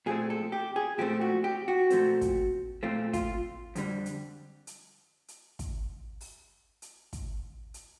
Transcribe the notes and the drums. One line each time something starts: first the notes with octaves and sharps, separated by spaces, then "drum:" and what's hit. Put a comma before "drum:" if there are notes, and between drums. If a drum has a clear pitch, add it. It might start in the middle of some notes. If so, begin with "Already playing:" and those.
A#2 F3 A3 C4 G#4
A4
G4
G#4
A#2 F3 A3 C4 G4
F#4
G4
F#4
A#2 F3 A3 C4, drum: hi-hat
drum: kick, hi-hat
A#2 F3 A3 C4 F4
F4, drum: kick, hi-hat
F2 D3 G3, drum: hi-hat
drum: hi-hat
drum: hi-hat
drum: hi-hat
drum: kick, hi-hat
drum: open hi-hat
drum: hi-hat
drum: kick, hi-hat
drum: hi-hat